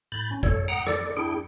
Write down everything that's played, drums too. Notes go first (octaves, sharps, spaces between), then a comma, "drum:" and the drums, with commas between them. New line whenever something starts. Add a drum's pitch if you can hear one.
A2 B5 G6 A6
C#4
A4 C#5, drum: kick
F#5 G5 A#5 D#6
A4 D5, drum: rim click
D4 E4 G#4 G5